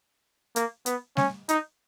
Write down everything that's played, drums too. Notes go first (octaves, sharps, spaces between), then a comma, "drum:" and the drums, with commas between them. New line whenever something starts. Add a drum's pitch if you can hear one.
A#3, drum: hi-hat
B3, drum: hi-hat
C#4, drum: snare G3
D#4, drum: hi-hat